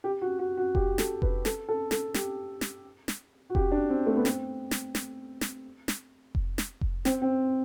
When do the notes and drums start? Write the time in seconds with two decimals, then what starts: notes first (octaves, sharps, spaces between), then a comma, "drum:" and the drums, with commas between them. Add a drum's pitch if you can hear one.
0.04 G4
0.21 F#4
0.39 F#4
0.57 F#4
0.75 G4, drum: kick F1
0.98 A4, drum: snare
1.22 B4, drum: kick F1
1.45 A4, drum: snare
1.69 A4
1.91 A4, drum: snare
2.14 G4, drum: snare
2.61 drum: snare
3.08 drum: snare
3.50 F#4
3.55 G4, drum: kick F1
3.72 D4
3.89 C4
4.07 A3
4.17 B3
4.25 C4, drum: snare
4.71 drum: snare
4.95 drum: snare
5.41 drum: snare
5.88 drum: snare
6.35 drum: kick F1
6.58 drum: snare
6.81 drum: kick F1
7.05 C4, drum: snare
7.22 C4